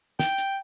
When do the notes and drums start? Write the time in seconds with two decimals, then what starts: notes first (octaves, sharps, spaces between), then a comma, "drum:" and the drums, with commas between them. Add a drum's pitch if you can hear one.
0.19 G5, drum: snare
0.38 drum: hi-hat